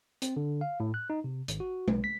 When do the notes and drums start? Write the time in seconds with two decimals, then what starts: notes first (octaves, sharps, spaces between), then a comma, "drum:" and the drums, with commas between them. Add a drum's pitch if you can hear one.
0.22 C4, drum: hi-hat
0.36 D3
0.61 F5
0.80 A2
0.94 F#6
1.10 D#4
1.24 C3
1.48 G#1, drum: hi-hat
1.60 F#4
1.88 B1, drum: tom G#3
2.04 B6